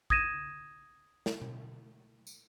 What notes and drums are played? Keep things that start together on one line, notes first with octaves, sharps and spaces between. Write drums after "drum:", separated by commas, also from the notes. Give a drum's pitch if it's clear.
D#6 G#6 A#6 D#7 E7, drum: kick
drum: snare
drum: tom B2
drum: tambourine